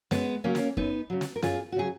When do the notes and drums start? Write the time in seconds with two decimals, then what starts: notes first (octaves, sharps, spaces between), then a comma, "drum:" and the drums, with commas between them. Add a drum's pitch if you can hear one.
0.11 F#2 G#3 B3, drum: snare
0.44 C#3 F#3 A#3 C#4
0.55 drum: snare
0.77 F#2 B3 D#4, drum: kick
1.10 C#3 F#3
1.21 drum: snare
1.36 A#4
1.42 F#2 F4 G#4, drum: snare
1.72 F#4
1.76 C#3 F#3 G#4